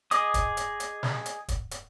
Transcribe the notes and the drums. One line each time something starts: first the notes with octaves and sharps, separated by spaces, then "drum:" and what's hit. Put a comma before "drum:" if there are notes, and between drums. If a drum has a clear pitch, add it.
G#4 D#5 D6 D#6, drum: hi-hat
drum: kick, hi-hat
drum: hi-hat
drum: hi-hat
drum: snare
drum: hi-hat
drum: kick, hi-hat
drum: hi-hat